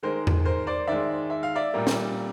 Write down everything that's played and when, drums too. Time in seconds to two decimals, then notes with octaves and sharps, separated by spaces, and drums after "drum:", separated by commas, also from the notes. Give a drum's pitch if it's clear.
0.03 D#3 G#3 A#4 C5
0.27 drum: tom E2
0.45 A#4 C5
0.67 C5 D5
0.87 D#3 G#3 D5 E5
1.30 E5
1.43 F5
1.55 D5 E5
1.73 A#2 G3 A#3
1.87 drum: snare